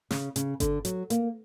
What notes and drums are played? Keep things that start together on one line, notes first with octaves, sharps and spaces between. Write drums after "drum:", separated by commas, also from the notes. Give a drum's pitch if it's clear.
C#3, drum: snare
C#3, drum: hi-hat
D3, drum: kick G1, hi-hat
F#3, drum: hi-hat
A#3, drum: hi-hat